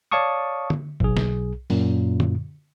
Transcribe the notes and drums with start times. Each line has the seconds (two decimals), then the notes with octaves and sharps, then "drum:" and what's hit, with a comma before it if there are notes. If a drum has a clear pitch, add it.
0.11 C#5 D5 F5 A5 C#6 D#6
0.70 drum: tom
1.00 B1 G#4, drum: kick
1.17 drum: snare
1.70 F#2 A#2, drum: open hi-hat
2.20 drum: tom